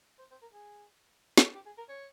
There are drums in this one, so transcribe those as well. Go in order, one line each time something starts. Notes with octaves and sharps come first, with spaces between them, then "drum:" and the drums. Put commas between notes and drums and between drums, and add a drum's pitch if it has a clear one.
C5
C5
A#4
G#4
drum: snare
G4
G#4
A#4
C#5